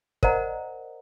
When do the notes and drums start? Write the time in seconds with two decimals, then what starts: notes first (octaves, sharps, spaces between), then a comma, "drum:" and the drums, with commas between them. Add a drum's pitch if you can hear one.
0.23 A#4 C5 D5 D#5 F#5 A#5, drum: kick